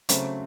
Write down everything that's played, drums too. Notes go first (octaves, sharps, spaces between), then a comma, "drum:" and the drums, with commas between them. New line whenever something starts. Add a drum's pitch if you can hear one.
C#3 F#3 A3 C4, drum: hi-hat